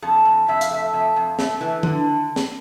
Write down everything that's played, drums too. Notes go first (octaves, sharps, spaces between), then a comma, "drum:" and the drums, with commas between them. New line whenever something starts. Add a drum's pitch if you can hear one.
F2 A4
F2
F2 E5
F5, drum: hi-hat
A3 E5
F2 E5
F2
A3, drum: snare
E3
D3, drum: tom
drum: snare